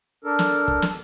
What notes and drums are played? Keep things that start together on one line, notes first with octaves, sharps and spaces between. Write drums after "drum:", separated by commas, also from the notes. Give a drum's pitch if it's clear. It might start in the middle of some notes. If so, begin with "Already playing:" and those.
D4 A4 A#4
drum: snare
drum: kick
drum: snare